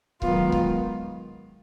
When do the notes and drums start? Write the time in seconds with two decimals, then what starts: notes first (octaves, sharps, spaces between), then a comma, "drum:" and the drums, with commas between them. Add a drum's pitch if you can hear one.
0.22 G#2 D#3 F#3 B3 F4, drum: kick C#1
0.52 drum: kick C#1